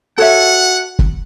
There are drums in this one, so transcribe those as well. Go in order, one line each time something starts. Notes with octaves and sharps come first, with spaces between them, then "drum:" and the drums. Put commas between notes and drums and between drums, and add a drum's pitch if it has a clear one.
F#4 A4 C#5 E5 F#5
drum: kick